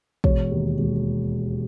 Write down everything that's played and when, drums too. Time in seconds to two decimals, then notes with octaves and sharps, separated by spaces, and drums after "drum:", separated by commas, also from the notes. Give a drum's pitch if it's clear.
0.24 E1 C#5, drum: kick
0.52 D#2
0.78 E1